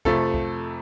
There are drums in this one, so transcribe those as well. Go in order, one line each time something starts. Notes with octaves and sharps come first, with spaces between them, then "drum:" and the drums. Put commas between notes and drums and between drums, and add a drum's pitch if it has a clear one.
F2 C3 F3 A3 A4, drum: kick
drum: kick